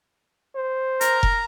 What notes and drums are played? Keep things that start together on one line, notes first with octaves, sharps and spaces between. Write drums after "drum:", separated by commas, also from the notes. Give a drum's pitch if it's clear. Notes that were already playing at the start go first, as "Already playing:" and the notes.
C5
A#4 A#5, drum: hi-hat
drum: kick F1